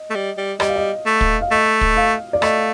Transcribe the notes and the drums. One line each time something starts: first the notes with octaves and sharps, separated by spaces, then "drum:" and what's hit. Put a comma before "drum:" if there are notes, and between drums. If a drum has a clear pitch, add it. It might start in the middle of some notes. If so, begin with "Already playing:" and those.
Already playing: D#5
A3
G3
G3
G3 D#5, drum: rim click
F5
D#5
A3
drum: kick
F5
A3 D#5
drum: kick
F5
D5
A3 D#5, drum: rim click